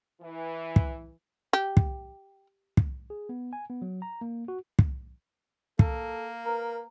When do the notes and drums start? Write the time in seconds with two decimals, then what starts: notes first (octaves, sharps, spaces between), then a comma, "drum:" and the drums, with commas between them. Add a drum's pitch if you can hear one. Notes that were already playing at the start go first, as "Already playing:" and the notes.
0.22 E3
0.76 drum: kick
1.53 G4
1.77 drum: kick
2.77 drum: kick
3.10 G#4
3.29 B3
3.53 G#5
3.70 B3
3.82 F#3
4.02 A#5
4.21 A#3
4.48 F#4
4.79 drum: kick
5.79 A#3 A4, drum: kick
6.45 A#4 B4 A#5